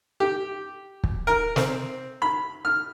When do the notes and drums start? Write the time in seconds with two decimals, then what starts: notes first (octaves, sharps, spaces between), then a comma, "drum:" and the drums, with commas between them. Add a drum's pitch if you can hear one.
0.20 G4
1.04 drum: kick
1.27 A#4
1.56 C4, drum: snare
2.22 B5
2.65 F6